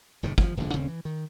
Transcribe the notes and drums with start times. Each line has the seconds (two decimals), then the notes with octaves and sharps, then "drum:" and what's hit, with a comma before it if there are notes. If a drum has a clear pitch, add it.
0.23 F#1 A2 C3 D#3
0.38 E3 F3, drum: kick
0.57 E1 A#1 G#2 D3
0.73 D1 C#3 C4 C#4
0.88 E3
1.05 D#3